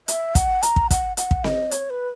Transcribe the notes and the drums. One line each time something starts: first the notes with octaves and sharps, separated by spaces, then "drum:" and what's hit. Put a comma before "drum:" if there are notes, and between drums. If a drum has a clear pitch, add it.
E5, drum: hi-hat
F#5, drum: kick, hi-hat
A#5, drum: hi-hat
drum: kick
F#5, drum: kick, hi-hat
F#5, drum: hi-hat
drum: kick
D#5, drum: snare C4
C#5, drum: hi-hat
B4